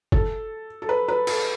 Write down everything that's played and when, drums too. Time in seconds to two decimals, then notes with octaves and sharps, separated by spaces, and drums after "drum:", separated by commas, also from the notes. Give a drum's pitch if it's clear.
0.12 A4, drum: kick
0.82 A4
0.89 B4
1.08 B4
1.27 A4, drum: cymbal